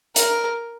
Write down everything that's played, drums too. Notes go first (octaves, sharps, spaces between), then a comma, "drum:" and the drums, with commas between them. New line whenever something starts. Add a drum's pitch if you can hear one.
A#4, drum: hi-hat